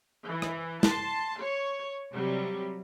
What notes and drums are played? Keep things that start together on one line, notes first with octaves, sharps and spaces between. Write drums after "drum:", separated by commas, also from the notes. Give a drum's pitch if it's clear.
E3
drum: rim click
A5 C6, drum: snare
C#5
C3 F#3 G3